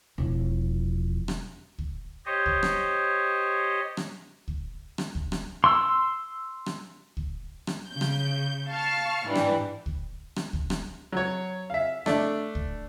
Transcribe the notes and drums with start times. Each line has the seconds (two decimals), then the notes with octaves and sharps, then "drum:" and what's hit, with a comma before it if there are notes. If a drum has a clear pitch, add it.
0.18 E1 F3
1.28 drum: rim click
1.79 drum: kick C#2
2.26 G4 C5 C#5 D#5
2.46 drum: kick C#2
2.63 drum: rim click
3.97 drum: rim click
4.48 drum: kick C#2
4.98 drum: rim click
5.15 drum: kick C#2
5.32 drum: rim click
5.64 C6 E6
6.66 drum: rim click
7.17 drum: kick C#2
7.67 drum: rim click
7.89 C#3 G6
8.01 drum: rim click
8.68 F5 A5 C#6 F6
9.26 G#2 E3 G3 D4
9.35 drum: rim click
9.86 drum: kick C#2
10.36 drum: rim click
10.53 drum: kick C#2
10.70 drum: rim click
11.12 F#3 C#5
11.70 E5 F5
12.06 A3 D4, drum: rim click
12.55 drum: kick C#2